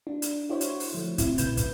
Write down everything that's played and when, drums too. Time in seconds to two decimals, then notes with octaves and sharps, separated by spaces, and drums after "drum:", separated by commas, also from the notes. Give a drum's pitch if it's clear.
0.07 D4
0.22 drum: hi-hat
0.49 E4 F#4 C5 C#5
0.61 drum: hi-hat
0.80 drum: open hi-hat
0.93 D3 F3 A3
1.18 C4 E4, drum: kick, hi-hat
1.38 B1 A#2 C#3 B4 G6 E7, drum: hi-hat
1.57 drum: kick, hi-hat